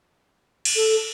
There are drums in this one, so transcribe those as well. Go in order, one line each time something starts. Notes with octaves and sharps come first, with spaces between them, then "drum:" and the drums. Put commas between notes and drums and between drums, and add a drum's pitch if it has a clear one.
drum: cymbal
A4